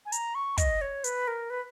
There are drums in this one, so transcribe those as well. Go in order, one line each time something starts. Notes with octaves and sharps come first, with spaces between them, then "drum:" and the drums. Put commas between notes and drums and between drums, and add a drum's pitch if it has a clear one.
G#5
A#5, drum: hi-hat
C#6
D#5, drum: kick, hi-hat
C#5
B4, drum: hi-hat
A#4
B4